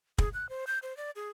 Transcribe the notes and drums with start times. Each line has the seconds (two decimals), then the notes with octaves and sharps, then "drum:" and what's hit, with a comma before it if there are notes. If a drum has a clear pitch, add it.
0.18 G#4, drum: kick
0.34 F#6
0.49 C5
0.67 G6
0.82 C5
0.97 D5
1.16 G#4